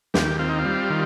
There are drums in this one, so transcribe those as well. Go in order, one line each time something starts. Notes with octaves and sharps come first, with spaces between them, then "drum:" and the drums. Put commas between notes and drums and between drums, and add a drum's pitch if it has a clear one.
D#2 G4, drum: snare
C4 F4
D#4
F4
G3
D#3